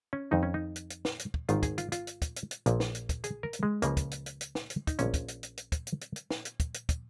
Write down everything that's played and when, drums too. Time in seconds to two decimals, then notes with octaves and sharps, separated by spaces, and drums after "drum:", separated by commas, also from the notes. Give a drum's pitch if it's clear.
0.13 C#4
0.31 F2 D#3 D#4
0.43 C#4
0.54 D#4
0.76 drum: hi-hat
0.90 drum: hi-hat
1.05 drum: snare
1.19 drum: hi-hat
1.34 drum: kick
1.49 G#1 G#2 D#3 F4, drum: hi-hat
1.63 G#4, drum: kick, hi-hat
1.78 F4, drum: hi-hat
1.92 F4, drum: hi-hat
2.07 drum: hi-hat
2.22 drum: kick, hi-hat
2.36 drum: hi-hat
2.51 drum: hi-hat
2.66 A#1 A#2 F3, drum: hi-hat
2.80 drum: snare
2.95 drum: hi-hat
3.09 drum: kick, hi-hat
3.24 G#4, drum: hi-hat
3.43 A#4
3.53 drum: hi-hat
3.63 G#3
3.82 C#2 C#3 F3 A#3, drum: hi-hat
3.97 drum: kick, hi-hat
4.11 drum: hi-hat
4.26 drum: hi-hat
4.41 drum: hi-hat
4.55 drum: snare
4.70 drum: hi-hat
4.87 D#4, drum: kick, hi-hat
4.99 A#1 A#2 F3 C#4, drum: hi-hat
5.14 drum: kick, hi-hat
5.28 drum: hi-hat
5.43 drum: hi-hat
5.57 drum: hi-hat
5.72 drum: kick, hi-hat
5.87 drum: hi-hat
6.01 drum: hi-hat
6.16 drum: hi-hat
6.30 drum: snare
6.45 drum: hi-hat
6.60 drum: kick, hi-hat
6.74 drum: hi-hat
6.89 drum: kick, hi-hat